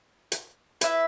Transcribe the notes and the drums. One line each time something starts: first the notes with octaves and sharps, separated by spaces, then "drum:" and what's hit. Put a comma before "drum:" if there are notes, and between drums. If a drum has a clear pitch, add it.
drum: hi-hat
E4 B4 E5, drum: hi-hat